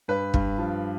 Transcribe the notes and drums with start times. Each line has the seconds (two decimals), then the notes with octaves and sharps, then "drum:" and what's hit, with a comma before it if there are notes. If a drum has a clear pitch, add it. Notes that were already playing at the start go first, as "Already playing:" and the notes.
0.08 G2 B4
0.34 G2, drum: kick
0.58 F3